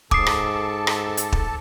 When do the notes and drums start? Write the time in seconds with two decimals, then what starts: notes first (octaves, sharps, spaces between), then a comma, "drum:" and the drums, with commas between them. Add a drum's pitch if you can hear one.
0.11 G#2 A4 A5 D6 D#6 C7, drum: kick
0.26 drum: rim click
0.87 drum: rim click
1.17 drum: hi-hat
1.32 drum: kick